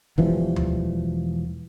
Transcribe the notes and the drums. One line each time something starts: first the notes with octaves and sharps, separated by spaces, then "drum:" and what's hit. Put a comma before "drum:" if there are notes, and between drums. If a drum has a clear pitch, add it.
E1 E3 F3 G3, drum: kick
drum: tom D2